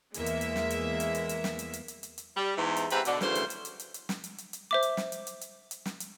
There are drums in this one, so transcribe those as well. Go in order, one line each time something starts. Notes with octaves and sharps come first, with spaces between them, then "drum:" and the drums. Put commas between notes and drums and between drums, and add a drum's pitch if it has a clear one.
E2 G#3 A#3 E5, drum: hi-hat
drum: hi-hat
drum: hi-hat
drum: snare
drum: hi-hat
drum: hi-hat
drum: hi-hat
drum: hi-hat
drum: snare
drum: hi-hat
drum: hi-hat
drum: hi-hat
drum: hi-hat
drum: hi-hat
G3
E2 G#2 E3
drum: hi-hat
G#2 C3 C4 E4 B4, drum: hi-hat
B2 D3, drum: hi-hat
D2 C#3 E3 C5, drum: snare
drum: hi-hat
drum: hi-hat
drum: hi-hat
drum: hi-hat
drum: hi-hat
drum: snare
drum: hi-hat
drum: hi-hat
drum: hi-hat
C5 E5 D6
drum: hi-hat
drum: snare
drum: hi-hat
drum: hi-hat
drum: hi-hat
drum: hi-hat
drum: snare
drum: hi-hat